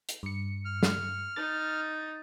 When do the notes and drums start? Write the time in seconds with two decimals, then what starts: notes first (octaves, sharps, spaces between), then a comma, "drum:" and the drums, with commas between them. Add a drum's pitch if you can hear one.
0.09 drum: hi-hat
0.23 G2 C#7
0.65 F6
0.83 drum: snare
1.36 D#4 A6